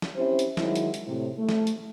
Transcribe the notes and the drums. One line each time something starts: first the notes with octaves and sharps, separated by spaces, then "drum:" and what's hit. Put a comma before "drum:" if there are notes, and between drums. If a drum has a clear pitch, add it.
drum: snare
C4 C#4 E4 G4 C5
drum: hi-hat
D#3 F#3 G#3 E4, drum: snare
drum: hi-hat
drum: hi-hat
A2 C3
A3
drum: snare
drum: hi-hat